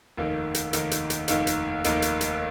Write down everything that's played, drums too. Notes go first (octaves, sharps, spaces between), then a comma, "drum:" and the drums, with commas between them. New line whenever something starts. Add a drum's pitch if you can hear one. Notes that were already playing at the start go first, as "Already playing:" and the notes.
F1 D#2 D#3 A#3 D#4
drum: hi-hat
F1 D#2 D#3 A#3 D#4, drum: hi-hat
drum: hi-hat
drum: hi-hat
F1 D#2 D#3 A#3 D#4, drum: hi-hat
drum: hi-hat
F1 D#2 D#3 A#3 D#4, drum: hi-hat
drum: hi-hat
drum: hi-hat